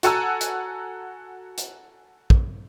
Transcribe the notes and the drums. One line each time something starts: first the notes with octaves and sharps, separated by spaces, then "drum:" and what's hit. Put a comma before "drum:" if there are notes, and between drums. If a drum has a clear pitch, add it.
F#4 A4 F#5 G#5 A#5 E6, drum: hi-hat
drum: hi-hat
drum: hi-hat
drum: kick